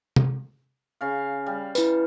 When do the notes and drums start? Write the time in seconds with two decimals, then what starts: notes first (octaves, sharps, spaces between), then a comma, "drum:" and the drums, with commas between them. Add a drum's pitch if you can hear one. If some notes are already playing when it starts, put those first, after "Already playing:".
0.16 drum: tom
1.01 C#3 F5
1.46 G3
1.75 E4 B4, drum: tambourine